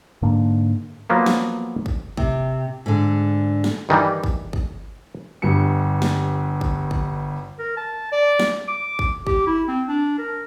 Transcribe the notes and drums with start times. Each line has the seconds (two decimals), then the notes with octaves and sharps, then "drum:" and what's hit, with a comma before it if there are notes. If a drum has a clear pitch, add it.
0.22 G#2 D3 A#3 D4
1.10 F3 F#3 A#3 B3
1.26 drum: snare
1.86 drum: kick
2.17 C3, drum: kick
2.86 G#2 D3
3.64 drum: snare
3.89 G2 D#3 E3 G3
4.24 drum: kick
4.53 drum: kick
5.42 G1 G2 C#7
6.02 drum: snare
6.61 drum: kick
6.91 drum: kick
7.59 A#4
7.77 A5
8.12 D5
8.40 drum: snare
8.68 D6
8.99 drum: kick
9.27 G4, drum: kick
9.47 E4
9.68 C4
9.88 D4
10.19 A#4